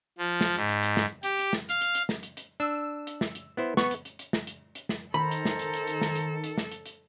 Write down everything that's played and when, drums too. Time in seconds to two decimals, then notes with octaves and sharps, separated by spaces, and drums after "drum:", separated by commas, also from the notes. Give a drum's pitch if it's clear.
0.18 F3
0.41 drum: snare
0.56 G#2, drum: hi-hat
0.69 drum: hi-hat
0.83 drum: hi-hat
0.97 drum: snare
1.23 G4, drum: hi-hat
1.39 drum: hi-hat
1.53 drum: snare
1.69 F5, drum: hi-hat
1.81 drum: hi-hat
1.95 drum: hi-hat
2.09 drum: snare
2.23 drum: hi-hat
2.37 drum: hi-hat
2.60 D4 E6
3.07 drum: hi-hat
3.21 drum: snare
3.35 drum: hi-hat
3.57 B3 E4 C5
3.77 B3 C#6, drum: snare
3.91 drum: hi-hat
4.05 drum: hi-hat
4.19 drum: hi-hat
4.33 drum: snare
4.47 drum: hi-hat
4.75 drum: hi-hat
4.89 drum: snare
5.14 D#3 A4 A#4 C5 A#5 B5
5.31 drum: hi-hat
5.45 drum: snare
5.59 drum: hi-hat
5.73 drum: hi-hat
5.87 drum: hi-hat
6.01 drum: snare
6.15 drum: hi-hat
6.44 drum: hi-hat
6.58 drum: snare
6.72 drum: hi-hat
6.86 drum: hi-hat